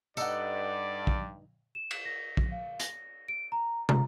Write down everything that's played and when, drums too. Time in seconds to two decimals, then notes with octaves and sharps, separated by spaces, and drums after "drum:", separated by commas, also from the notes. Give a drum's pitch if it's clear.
0.17 G2 D#4 A4 D5 F#5, drum: tambourine
1.07 drum: kick
1.75 E7
1.91 drum: cymbal
2.05 A#6
2.37 drum: kick
2.52 F5
2.80 A#6, drum: hi-hat
3.28 D7
3.52 A#5
3.89 A#5, drum: tom